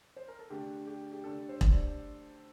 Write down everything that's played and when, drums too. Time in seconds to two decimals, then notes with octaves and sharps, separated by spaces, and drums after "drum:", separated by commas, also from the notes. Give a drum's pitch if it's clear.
0.16 C5
0.28 A#4
0.39 A4
0.50 D3 A3 D4 G4
0.87 G4
1.12 G4
1.24 D3 A3 D4 A4
1.49 C5
1.61 drum: kick E1
1.73 D5